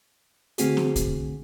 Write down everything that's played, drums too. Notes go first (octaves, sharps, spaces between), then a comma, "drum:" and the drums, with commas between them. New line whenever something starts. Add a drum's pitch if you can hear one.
D3 A3 C4 F#4 G#4, drum: hi-hat
drum: snare
drum: kick, hi-hat